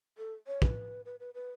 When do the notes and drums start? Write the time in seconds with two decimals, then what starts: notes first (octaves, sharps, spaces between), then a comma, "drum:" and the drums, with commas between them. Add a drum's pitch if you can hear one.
0.18 A4
0.47 C#5
0.62 B4, drum: kick
1.05 B4
1.20 B4
1.34 B4